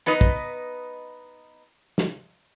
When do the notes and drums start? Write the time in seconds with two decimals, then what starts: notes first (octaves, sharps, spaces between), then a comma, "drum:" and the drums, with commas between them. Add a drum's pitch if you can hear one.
0.06 B3 D#4 B4 D#5, drum: hi-hat
0.21 drum: kick
1.98 drum: snare